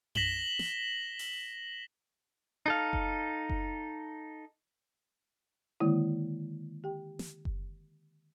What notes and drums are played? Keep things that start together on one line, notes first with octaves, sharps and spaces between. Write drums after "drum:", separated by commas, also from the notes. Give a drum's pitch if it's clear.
A#6 B6 E7 F#7 G7, drum: tom F#2
drum: snare
drum: open hi-hat
D#4 A4 F5
drum: kick F#1
drum: kick F#1
D3 D#3 G#3 A#3 E4
G4 G5
drum: snare
drum: kick F#1